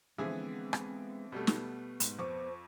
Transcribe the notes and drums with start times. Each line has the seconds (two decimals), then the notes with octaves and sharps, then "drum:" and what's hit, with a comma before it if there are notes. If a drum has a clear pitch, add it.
0.18 D3 E3 F3 G#3 B3 C4 G#4 E5
0.73 drum: rim click
1.32 B2 G3 A3 B3
1.47 drum: snare
2.00 G#2, drum: hi-hat
2.19 F2 C5 C#6 D6